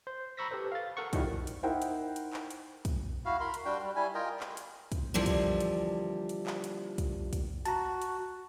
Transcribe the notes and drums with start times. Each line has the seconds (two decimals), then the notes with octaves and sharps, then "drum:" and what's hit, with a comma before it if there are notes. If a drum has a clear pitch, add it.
0.07 C5
0.37 A#5 B5 C#6 E6 A#6 B6
0.51 G4 A4 B4 C5
0.72 F5 A6
0.97 A4 A#4 F#5 C#6
1.13 D#3 F3 G3 E4 F#4, drum: kick, hi-hat
1.47 drum: hi-hat
1.63 D#4 E4 A#4 C5 F#5 G5
1.82 drum: hi-hat
2.16 drum: hi-hat
2.33 drum: clap
2.51 drum: hi-hat
2.85 drum: kick, hi-hat
3.25 E4 F#4 F5
3.40 A#4 B5 C6
3.54 drum: hi-hat
3.65 G3 D4 F#4 G5
3.83 G3
3.96 G3 E4 G#5
4.15 F4 A#4 D#5 G5
4.40 drum: clap
4.57 drum: hi-hat
4.92 drum: kick, hi-hat
5.14 D3 E3 F3 G3 A#3
5.26 drum: kick, hi-hat
5.60 drum: hi-hat
6.29 drum: hi-hat
6.47 drum: clap
6.64 drum: hi-hat
6.98 drum: kick, hi-hat
7.33 drum: kick, hi-hat
7.65 F#4 A5 A#5, drum: hi-hat
8.02 drum: hi-hat